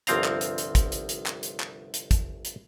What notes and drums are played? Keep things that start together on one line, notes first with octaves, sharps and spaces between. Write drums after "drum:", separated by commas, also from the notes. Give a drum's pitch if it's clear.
G1 C2 F3 C4 F5 A#5, drum: hi-hat
drum: clap
drum: hi-hat
drum: hi-hat
drum: kick, hi-hat
drum: hi-hat
drum: hi-hat
drum: clap
drum: hi-hat
drum: clap
drum: hi-hat
drum: kick, hi-hat
drum: hi-hat